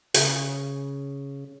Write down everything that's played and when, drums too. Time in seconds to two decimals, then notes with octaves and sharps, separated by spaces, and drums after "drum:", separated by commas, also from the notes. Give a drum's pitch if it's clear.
0.14 C#3, drum: hi-hat